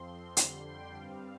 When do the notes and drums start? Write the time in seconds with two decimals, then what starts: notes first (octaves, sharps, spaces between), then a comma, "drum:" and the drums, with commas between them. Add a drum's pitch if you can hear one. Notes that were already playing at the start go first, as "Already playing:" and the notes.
Already playing: F2 F3 C4 C6
0.37 F2 D3 G3 C6, drum: hi-hat
0.67 G5
0.96 G2 G3 C4 F5